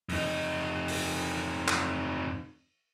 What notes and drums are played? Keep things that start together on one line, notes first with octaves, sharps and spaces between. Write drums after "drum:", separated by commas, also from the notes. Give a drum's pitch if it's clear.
F2 D#4, drum: open hi-hat
drum: open hi-hat
drum: clap